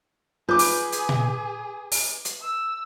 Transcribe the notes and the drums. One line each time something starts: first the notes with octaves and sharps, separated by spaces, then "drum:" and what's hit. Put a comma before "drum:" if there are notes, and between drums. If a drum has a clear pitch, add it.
F4 G#4 B4 D6 G6
drum: open hi-hat
drum: hi-hat
drum: tom A#2
drum: open hi-hat
drum: hi-hat
E6